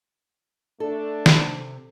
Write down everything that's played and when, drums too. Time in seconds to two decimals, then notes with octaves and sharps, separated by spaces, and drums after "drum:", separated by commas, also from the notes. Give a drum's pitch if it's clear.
0.80 A3 D4 A4
1.26 drum: snare
1.37 C3